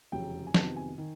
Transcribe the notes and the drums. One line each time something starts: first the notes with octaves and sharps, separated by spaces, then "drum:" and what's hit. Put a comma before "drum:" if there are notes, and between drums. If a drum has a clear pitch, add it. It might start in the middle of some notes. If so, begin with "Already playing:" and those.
F1 E2 C#3 F#3 G5
G#5
F2 C3 D#3 F#3 B3 A5, drum: snare
G#5
D#3